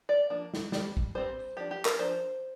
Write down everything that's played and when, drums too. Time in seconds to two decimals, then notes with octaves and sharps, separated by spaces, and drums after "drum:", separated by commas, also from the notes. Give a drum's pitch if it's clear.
0.09 D5
0.30 F3 A#3 D4
0.54 drum: snare
0.72 G3 C4, drum: snare
0.97 drum: kick
1.15 G3 C4 C5
1.57 F3 D4 G4
1.71 G4
1.85 A#4, drum: clap
1.99 F3 D4 C5